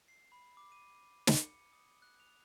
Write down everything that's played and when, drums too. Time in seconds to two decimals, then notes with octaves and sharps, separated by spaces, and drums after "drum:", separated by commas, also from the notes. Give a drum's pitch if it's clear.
0.08 C7
0.32 B5
0.57 D6
0.72 D#7
1.27 drum: snare
1.43 C#7
1.73 D#6
2.02 F#6
2.20 F7